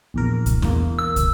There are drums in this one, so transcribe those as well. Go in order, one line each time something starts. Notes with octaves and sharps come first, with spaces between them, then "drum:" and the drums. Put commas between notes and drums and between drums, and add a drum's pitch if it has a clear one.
A#1 E2 A#4
drum: kick, hi-hat
E2 A#3, drum: snare
E6
drum: kick, hi-hat